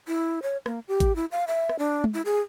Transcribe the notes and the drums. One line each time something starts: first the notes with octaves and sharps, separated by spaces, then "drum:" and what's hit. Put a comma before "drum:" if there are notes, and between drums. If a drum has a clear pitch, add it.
E4
C#5
A#3, drum: rim click
G4
drum: kick G#1, hi-hat
E4
F5
E5
drum: rim click
D4
drum: tom
E4
G#4